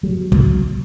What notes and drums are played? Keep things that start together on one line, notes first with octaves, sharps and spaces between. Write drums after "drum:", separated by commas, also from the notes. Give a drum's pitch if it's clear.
F#3
drum: kick